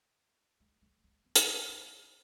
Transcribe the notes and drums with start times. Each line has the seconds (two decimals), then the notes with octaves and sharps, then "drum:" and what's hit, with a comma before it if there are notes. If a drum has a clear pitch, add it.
0.60 A3
0.82 A3
0.99 A3
1.04 B3
1.25 B3
1.35 drum: hi-hat
1.47 A3
1.69 B3